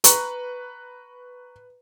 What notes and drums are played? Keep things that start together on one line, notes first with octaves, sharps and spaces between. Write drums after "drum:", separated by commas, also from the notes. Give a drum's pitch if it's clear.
B4 A#5 C#6, drum: hi-hat